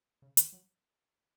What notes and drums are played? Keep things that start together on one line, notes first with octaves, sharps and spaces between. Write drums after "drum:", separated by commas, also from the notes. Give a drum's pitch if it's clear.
C#3
D#3, drum: hi-hat
F#3